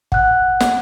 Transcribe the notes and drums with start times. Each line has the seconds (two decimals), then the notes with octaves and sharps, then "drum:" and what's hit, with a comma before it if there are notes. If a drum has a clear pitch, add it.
0.12 F#5 F#6, drum: kick
0.60 drum: snare